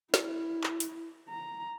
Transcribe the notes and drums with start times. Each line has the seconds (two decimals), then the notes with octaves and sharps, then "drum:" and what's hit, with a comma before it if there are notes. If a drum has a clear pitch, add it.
0.14 E4, drum: snare
0.64 drum: clap
0.80 drum: hi-hat
1.30 A#5